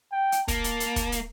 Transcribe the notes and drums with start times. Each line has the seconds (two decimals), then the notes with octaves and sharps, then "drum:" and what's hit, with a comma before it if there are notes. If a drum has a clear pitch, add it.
0.12 G5
0.32 drum: hi-hat
0.48 A#3 A5, drum: kick, hi-hat
0.64 drum: hi-hat
0.80 drum: hi-hat
0.96 drum: kick, hi-hat
1.12 drum: hi-hat